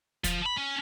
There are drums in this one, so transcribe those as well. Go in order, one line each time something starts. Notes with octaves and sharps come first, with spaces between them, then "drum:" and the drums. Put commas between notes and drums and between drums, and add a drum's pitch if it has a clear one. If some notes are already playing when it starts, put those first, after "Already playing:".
F3, drum: kick, hi-hat
B5
C#4